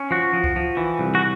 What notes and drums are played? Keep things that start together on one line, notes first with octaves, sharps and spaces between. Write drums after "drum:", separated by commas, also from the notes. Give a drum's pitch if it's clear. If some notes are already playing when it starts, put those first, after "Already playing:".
Already playing: C#4
F3 F#4
F3
drum: kick C2
F3
E3
C2
F#4